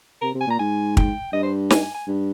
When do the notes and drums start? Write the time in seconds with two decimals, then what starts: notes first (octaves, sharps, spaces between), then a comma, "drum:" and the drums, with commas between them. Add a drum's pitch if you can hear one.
0.22 C3 A#4
0.34 C3
0.41 G#5
0.47 A#2 A#5
0.59 G#2 G#5
0.97 G5, drum: kick
1.33 G2 D#5
1.43 C5
1.70 G#5, drum: snare
1.82 G#5
1.94 G#5
2.08 G2